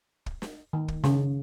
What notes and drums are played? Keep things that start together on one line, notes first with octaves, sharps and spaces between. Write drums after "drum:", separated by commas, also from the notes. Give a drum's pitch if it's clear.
drum: kick
drum: snare
D#3
drum: kick
C#3, drum: snare